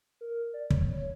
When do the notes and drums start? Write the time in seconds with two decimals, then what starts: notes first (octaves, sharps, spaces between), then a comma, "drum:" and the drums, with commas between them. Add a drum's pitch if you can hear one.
0.21 A#4
0.54 D5
0.70 C#5, drum: kick